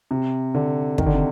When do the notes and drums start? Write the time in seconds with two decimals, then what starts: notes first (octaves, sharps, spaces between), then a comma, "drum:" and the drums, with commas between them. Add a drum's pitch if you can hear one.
0.11 C3
0.55 D3
0.98 D#3, drum: kick
1.06 D3
1.14 C3